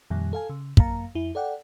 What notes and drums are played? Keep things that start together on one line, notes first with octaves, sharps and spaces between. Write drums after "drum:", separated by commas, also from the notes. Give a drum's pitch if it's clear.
F2 A#2 D#3 G3
A4 F5 G#5
C#3
F#2 A#3 F5 A#5, drum: kick
F2 E4
A4 D5 F#5 G5